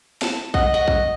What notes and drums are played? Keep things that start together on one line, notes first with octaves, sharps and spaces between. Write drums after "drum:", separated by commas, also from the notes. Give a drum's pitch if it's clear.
A5, drum: snare
D#5 F#5, drum: kick A#1
F#4
drum: kick A#1